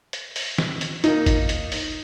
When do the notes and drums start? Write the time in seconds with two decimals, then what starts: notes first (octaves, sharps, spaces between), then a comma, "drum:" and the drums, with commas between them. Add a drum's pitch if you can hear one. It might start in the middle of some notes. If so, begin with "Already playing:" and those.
0.13 drum: hi-hat
0.36 drum: open hi-hat
0.58 drum: snare
0.81 drum: hi-hat
1.04 A#3 D#4, drum: hi-hat
1.26 drum: kick G#1, hi-hat
1.49 drum: hi-hat
1.72 drum: open hi-hat